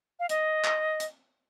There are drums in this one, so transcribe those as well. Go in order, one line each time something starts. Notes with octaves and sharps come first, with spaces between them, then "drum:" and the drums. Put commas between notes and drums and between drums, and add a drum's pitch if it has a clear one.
F5
D#5, drum: hi-hat
drum: clap
drum: hi-hat